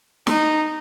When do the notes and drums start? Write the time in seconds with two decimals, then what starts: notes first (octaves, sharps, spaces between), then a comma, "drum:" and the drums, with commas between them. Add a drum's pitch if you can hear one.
0.27 D#4, drum: snare